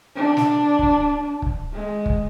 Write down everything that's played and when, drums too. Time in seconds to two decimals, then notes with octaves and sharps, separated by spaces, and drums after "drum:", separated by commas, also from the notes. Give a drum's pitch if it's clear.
0.16 D4
0.37 drum: snare
0.79 drum: kick
1.42 drum: kick
1.74 G#3
2.06 drum: kick